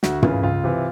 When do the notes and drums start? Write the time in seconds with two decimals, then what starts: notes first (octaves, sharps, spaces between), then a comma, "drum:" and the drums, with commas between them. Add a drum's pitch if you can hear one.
0.03 D2 F#4, drum: snare
0.23 C#3 E3 F4, drum: tom
0.43 C#2 F4
0.64 C3 E3